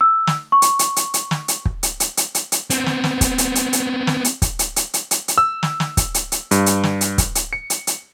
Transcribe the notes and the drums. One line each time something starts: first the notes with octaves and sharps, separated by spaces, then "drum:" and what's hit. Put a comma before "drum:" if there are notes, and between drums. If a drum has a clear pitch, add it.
E6
drum: snare
C#6
drum: hi-hat
drum: hi-hat
drum: hi-hat
drum: hi-hat
drum: snare
drum: hi-hat
drum: kick
drum: hi-hat
drum: hi-hat
drum: hi-hat
drum: hi-hat
drum: hi-hat
B3 C4, drum: hi-hat
drum: snare
drum: snare
drum: kick, hi-hat
drum: hi-hat
drum: hi-hat
drum: hi-hat
drum: snare
drum: hi-hat
drum: kick, hi-hat
drum: hi-hat
drum: hi-hat
drum: hi-hat
drum: hi-hat
drum: hi-hat
E6
drum: snare
drum: snare
drum: kick, hi-hat
drum: hi-hat
drum: hi-hat
G2, drum: hi-hat
drum: hi-hat
drum: snare
drum: hi-hat
drum: kick, hi-hat
drum: hi-hat
C#7
drum: hi-hat
drum: hi-hat